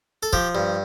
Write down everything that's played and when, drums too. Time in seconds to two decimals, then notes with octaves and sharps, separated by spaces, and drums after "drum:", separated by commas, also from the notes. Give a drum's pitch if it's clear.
0.23 A4
0.33 F3 G4, drum: kick
0.55 G2